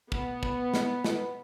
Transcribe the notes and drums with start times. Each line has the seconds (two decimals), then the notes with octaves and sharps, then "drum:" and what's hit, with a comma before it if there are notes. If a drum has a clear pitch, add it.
0.12 B3, drum: kick
0.43 drum: kick
0.74 drum: snare
1.04 drum: snare